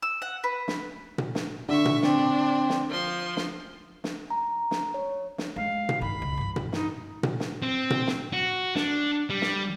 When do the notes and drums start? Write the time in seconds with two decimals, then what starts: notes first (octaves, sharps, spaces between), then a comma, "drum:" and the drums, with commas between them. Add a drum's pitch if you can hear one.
0.02 E6
0.22 F#5
0.44 B4
0.68 drum: snare
1.18 drum: tom A#2
1.35 drum: snare
1.69 D3 E5 C#6
1.85 drum: tom A#2
2.02 C4 D4, drum: snare
2.69 drum: snare
2.89 F3 C6
3.37 drum: snare
4.04 drum: snare
4.30 A#5
4.71 drum: snare
4.94 C#5
5.38 drum: snare
5.56 G#3 F5
5.89 drum: tom A#2
6.01 G1 D#3 B5
6.22 C#2
6.37 G2 E3
6.56 drum: tom A#2
6.73 D#4, drum: snare
7.23 drum: tom A#2
7.40 drum: snare
7.62 C4
7.90 drum: tom A#2
8.07 drum: snare
8.33 F#4
8.76 D4, drum: snare
9.30 G3
9.42 drum: snare